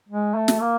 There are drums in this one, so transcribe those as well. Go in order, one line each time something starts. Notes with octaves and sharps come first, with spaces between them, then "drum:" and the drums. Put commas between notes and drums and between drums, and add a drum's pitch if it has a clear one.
G#3
A3
drum: snare
A#3